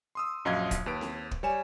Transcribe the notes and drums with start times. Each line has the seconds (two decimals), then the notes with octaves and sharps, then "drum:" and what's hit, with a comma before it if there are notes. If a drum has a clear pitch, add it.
0.15 C6 D#6 E6
0.45 A#1 F#2 D#5 F5 G#6
0.71 drum: kick, hi-hat
0.86 D#2 B4 D7
1.01 drum: snare C4
1.31 drum: kick
1.43 G3 C#5 G#5 E7